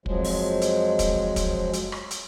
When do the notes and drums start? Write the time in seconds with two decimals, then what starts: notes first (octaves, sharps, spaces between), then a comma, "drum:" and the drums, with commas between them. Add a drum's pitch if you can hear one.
0.06 F2 F3 F#3 G#3, drum: kick
0.24 drum: open hi-hat
0.62 drum: hi-hat
0.99 drum: kick, hi-hat
1.36 drum: kick, hi-hat
1.74 drum: hi-hat
1.92 drum: rim click
2.11 drum: hi-hat